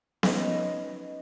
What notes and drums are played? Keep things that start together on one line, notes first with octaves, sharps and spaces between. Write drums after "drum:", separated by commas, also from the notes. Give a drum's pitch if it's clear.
C#4 D#4 B4 D#5, drum: snare B3